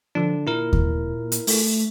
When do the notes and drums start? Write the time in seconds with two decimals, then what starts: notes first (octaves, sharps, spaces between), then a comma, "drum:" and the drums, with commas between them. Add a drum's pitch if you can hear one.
0.15 D3 F3 D4
0.47 A#2 E4 A#4
0.73 drum: kick D#2
1.32 drum: hi-hat
1.47 A3, drum: open hi-hat